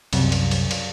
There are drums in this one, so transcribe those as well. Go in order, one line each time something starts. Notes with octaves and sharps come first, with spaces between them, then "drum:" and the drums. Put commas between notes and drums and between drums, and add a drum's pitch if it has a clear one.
C2 F#2 C3, drum: cymbal
drum: cymbal
drum: cymbal
drum: cymbal